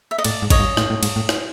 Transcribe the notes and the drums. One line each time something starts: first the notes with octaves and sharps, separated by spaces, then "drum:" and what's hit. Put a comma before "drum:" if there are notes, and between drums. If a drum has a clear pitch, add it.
E5
D#5
A2 D5, drum: cymbal
G#2
C#5 D#5, drum: kick G#1, cymbal
G2
A2, drum: rim click
A2
G#2, drum: cymbal
A2
drum: rim click